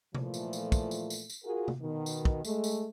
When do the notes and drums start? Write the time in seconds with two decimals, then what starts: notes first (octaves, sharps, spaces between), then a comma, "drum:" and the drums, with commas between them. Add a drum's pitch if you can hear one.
0.15 A#2 E3 F3 A3, drum: tom C3
0.34 drum: tambourine
0.53 drum: tambourine
0.72 drum: kick, tambourine
0.91 drum: tambourine
1.10 drum: tambourine
1.30 drum: tambourine
1.45 F4 F#4 G#4 A#4
1.68 drum: tom C3
1.82 B2 D#3
2.06 drum: tambourine
2.25 drum: kick
2.45 G#3 A3, drum: tambourine
2.64 drum: tambourine